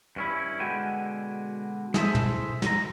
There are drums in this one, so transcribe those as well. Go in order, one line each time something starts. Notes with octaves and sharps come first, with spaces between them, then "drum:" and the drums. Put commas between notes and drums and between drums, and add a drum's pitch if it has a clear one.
G2 C#4 E4
B2 D3 G#3 F#4 G5 G#5
E4 G#4 A4 C5 E5, drum: snare
drum: tom
F#3 A#5, drum: snare